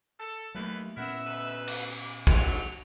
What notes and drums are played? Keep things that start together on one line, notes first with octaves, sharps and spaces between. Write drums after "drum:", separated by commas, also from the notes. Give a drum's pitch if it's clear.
A4
D#2 E3 F#3 A3 A#3 B4
A#2 B3 C#4 E4 A#4 E5 F#5
D2 B2 B4
D6, drum: cymbal
D3 F#3 F7, drum: kick